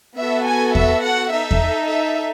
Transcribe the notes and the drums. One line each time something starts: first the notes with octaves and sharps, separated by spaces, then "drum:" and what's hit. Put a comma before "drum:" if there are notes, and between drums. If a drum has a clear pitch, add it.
B3 F#4 A4 E5
G#5
E5, drum: kick E2
F#5
D#4 A4 E5
drum: kick E2
E5